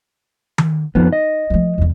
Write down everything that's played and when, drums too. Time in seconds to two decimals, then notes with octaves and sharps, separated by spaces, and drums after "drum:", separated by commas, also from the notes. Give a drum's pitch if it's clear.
0.58 drum: tom D#3
0.95 F2 F3 B3 D#4
1.13 D#5
1.50 F3 A3
1.78 E2 D3